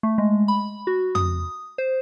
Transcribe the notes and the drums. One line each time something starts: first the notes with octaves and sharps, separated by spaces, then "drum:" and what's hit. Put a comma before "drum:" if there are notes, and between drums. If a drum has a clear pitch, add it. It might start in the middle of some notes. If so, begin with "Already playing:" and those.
A3
G#3
B5
F#4
D#6, drum: tom
C5